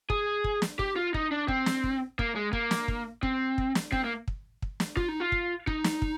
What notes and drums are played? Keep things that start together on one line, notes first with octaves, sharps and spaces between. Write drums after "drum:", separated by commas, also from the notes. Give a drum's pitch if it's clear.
G#4, drum: kick
drum: kick
drum: snare
G4, drum: kick
F4
D#4, drum: kick
D4
C4, drum: kick
drum: snare
drum: kick
A#3, drum: kick
G#3
A#3, drum: kick
drum: snare
drum: kick
C4, drum: kick
drum: kick
drum: snare
C4, drum: kick
A#3
drum: kick
drum: kick
drum: snare
F4, drum: kick
D#4
F4
drum: kick
D#4, drum: kick
drum: snare
drum: kick